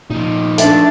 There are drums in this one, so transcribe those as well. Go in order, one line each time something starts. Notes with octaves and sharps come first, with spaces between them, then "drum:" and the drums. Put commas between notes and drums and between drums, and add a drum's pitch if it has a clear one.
A#2 F3 D#4
A3 D4 A6, drum: hi-hat